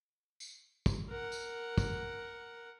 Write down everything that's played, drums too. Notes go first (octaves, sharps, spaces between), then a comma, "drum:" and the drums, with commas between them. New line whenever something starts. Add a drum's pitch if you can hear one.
drum: tambourine
drum: kick, tambourine
A#4 F#5
drum: tambourine
drum: kick, tambourine